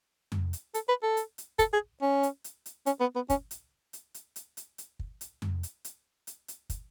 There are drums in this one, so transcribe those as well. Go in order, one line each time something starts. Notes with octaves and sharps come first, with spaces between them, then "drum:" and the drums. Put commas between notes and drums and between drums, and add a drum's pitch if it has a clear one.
drum: tom F2
drum: hi-hat
A4, drum: hi-hat
B4
A4
drum: hi-hat
drum: hi-hat
A4, drum: kick, hi-hat
G#4
C#4
drum: hi-hat
drum: hi-hat
drum: hi-hat
C#4, drum: hi-hat
B3
B3
C#4, drum: kick, hi-hat
drum: hi-hat
drum: hi-hat
drum: hi-hat
drum: hi-hat
drum: hi-hat
drum: hi-hat
drum: kick
drum: hi-hat
drum: tom F2
drum: hi-hat
drum: hi-hat
drum: hi-hat
drum: hi-hat
drum: kick, hi-hat